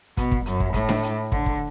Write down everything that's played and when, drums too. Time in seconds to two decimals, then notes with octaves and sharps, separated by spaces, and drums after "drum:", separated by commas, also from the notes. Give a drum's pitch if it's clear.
0.17 B2, drum: kick, hi-hat
0.32 drum: kick
0.46 F#2, drum: hi-hat
0.60 drum: kick
0.74 A2, drum: kick, hi-hat
0.89 drum: snare D4
1.03 drum: hi-hat
1.32 D3, drum: kick
1.46 drum: kick